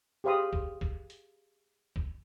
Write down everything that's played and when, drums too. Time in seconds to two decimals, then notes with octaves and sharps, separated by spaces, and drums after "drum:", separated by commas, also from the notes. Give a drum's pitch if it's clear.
0.24 G4 G#4 C5 F5 B5 D#6
0.53 drum: kick
0.81 drum: kick
1.10 drum: hi-hat
1.96 drum: kick